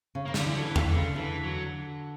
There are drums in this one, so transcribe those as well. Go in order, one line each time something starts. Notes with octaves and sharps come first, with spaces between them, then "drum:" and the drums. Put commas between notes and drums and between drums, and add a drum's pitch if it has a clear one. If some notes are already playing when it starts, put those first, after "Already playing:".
C#3
C#3 A#3
D3 G3, drum: snare
E3
D3 F#3
E3
D3
C#3, drum: tom E2
D3
C#3
D3 E3
F#3